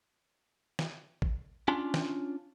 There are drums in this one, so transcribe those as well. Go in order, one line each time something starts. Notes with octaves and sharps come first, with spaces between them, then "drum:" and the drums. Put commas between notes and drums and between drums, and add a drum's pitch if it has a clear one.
drum: snare
drum: kick A1
C#4 D4 F4
drum: snare